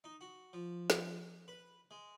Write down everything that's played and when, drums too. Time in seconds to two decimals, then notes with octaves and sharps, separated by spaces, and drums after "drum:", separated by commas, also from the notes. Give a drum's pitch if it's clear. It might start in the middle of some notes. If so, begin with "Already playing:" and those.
0.04 D#4
0.21 F#4
0.53 F3
0.90 drum: snare
1.48 B4
1.91 G#3